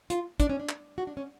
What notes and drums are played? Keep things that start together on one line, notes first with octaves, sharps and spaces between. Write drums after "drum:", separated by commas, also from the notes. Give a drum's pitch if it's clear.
F4, drum: hi-hat
D4, drum: kick, hi-hat
C#4
D4
drum: clap
F#4
D4
C#4